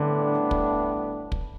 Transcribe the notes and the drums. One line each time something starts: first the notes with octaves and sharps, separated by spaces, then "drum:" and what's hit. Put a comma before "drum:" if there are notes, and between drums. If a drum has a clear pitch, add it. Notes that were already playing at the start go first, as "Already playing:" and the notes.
Already playing: A2 D3 G3 B3 D4
drum: kick
drum: kick